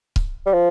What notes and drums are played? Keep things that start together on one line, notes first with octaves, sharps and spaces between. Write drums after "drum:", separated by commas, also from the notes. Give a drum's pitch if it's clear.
drum: kick C#1
G3
F3